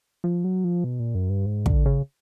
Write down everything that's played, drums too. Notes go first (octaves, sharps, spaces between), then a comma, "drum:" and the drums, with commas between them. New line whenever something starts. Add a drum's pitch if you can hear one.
F3
F#3
F3
B2
A#2
F#2
G2
G#2
D3, drum: kick
C#3